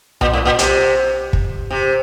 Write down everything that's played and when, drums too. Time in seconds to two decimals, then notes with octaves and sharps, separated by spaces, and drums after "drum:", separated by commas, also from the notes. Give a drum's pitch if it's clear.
0.21 A#2, drum: tom B1
0.33 A2
0.45 A#2
0.59 C3, drum: hi-hat
1.33 drum: kick
1.71 C3